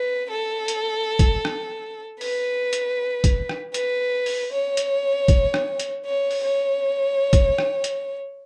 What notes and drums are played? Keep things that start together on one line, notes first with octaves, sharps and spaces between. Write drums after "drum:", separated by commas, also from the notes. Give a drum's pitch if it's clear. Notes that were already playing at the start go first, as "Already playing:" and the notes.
Already playing: B4
A4
drum: hi-hat
drum: kick, hi-hat
drum: rim click
B4, drum: open hi-hat
drum: hi-hat
drum: kick, hi-hat
drum: rim click
B4, drum: hi-hat
drum: open hi-hat
C#5
drum: hi-hat
drum: kick, hi-hat
drum: rim click
drum: hi-hat
C#5
drum: open hi-hat
C#5
drum: kick, hi-hat
drum: rim click
drum: hi-hat